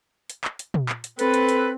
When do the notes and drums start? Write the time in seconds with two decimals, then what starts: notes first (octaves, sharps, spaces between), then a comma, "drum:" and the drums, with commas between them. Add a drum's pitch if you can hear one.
0.30 drum: hi-hat
0.44 drum: clap
0.59 drum: hi-hat
0.74 drum: tom
0.89 drum: clap
1.04 drum: hi-hat
1.19 C4 A4 B4, drum: hi-hat
1.34 drum: hi-hat
1.49 drum: hi-hat